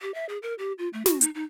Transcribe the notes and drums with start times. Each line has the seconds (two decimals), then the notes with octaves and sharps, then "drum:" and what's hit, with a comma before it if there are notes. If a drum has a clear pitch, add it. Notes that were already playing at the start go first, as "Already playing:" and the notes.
0.02 G4
0.14 E5
0.29 G#4
0.43 A#4
0.59 G4
0.78 F4
0.93 A3
1.06 F#4, drum: snare
1.21 D#4, drum: hi-hat
1.35 D#4